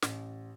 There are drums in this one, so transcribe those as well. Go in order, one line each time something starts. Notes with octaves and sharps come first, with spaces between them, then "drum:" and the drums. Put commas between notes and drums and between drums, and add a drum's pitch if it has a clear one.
A1, drum: snare